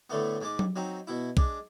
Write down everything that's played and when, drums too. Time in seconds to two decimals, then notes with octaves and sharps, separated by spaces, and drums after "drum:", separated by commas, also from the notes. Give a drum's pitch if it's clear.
0.10 A2 D3 A3 B3
0.41 G#2 G#3 D6
0.59 drum: tom F#3
0.76 F#3 C4 D#4
1.07 B2 E4
1.37 G#3 D4, drum: kick